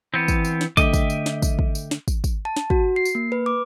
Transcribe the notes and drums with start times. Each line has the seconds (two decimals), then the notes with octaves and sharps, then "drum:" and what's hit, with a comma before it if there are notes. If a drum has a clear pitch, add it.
0.14 E3 B3 C4
0.28 drum: kick, tambourine
0.45 drum: tambourine
0.61 drum: snare
0.77 D3 A3 D#5 E5 G5 D6, drum: kick, tambourine
0.93 drum: kick, tambourine
1.10 drum: tambourine
1.26 drum: snare
1.42 drum: kick, tambourine
1.59 drum: kick
1.75 drum: tambourine
1.91 drum: snare
2.08 drum: kick, tambourine
2.24 drum: kick, tambourine
2.45 A5
2.57 drum: snare
2.70 F#4, drum: kick
2.96 C7
3.05 drum: tambourine
3.15 A#3
3.32 B4
3.46 D6